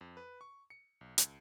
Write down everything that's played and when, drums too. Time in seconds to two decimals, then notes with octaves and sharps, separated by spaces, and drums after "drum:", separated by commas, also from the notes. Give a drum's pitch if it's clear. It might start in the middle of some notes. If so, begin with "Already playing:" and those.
0.01 F2
0.17 B4
0.41 C#6
0.70 C#7
1.01 B1
1.18 C#2, drum: hi-hat